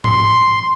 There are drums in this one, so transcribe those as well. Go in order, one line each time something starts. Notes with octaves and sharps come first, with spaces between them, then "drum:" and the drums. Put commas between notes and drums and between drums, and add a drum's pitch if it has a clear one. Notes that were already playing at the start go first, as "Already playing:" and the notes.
C6, drum: tom G#2